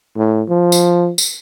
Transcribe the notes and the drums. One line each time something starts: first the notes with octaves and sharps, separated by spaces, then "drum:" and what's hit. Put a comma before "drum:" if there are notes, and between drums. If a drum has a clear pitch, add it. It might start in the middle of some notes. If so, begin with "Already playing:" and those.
A2
F3
drum: tambourine
drum: tambourine